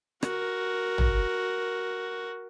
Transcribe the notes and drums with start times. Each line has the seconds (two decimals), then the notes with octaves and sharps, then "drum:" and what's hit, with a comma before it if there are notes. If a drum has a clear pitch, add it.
0.23 F#4 A#4, drum: rim click
0.98 drum: tom